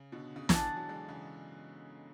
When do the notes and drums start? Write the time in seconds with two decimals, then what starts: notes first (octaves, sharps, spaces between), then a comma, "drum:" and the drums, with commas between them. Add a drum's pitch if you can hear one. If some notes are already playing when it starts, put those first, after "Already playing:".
Already playing: C#3
0.12 B2 D3
0.36 C#3
0.49 D3 G#4 D5 F#5 A5, drum: snare
0.63 E3
0.76 F#3
0.89 E3 G#3
1.08 C#3 E3